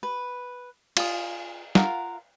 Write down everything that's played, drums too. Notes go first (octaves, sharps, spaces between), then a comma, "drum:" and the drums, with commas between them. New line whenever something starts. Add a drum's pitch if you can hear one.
B4
F4 G#5 D#6, drum: cymbal
F4 A#4 F5 F#5, drum: snare